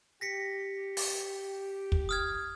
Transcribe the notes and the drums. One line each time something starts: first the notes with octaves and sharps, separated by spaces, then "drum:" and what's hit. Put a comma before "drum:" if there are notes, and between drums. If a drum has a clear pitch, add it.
G4 A#6 B6 C#7
drum: open hi-hat
drum: kick
D#6 F6 G#6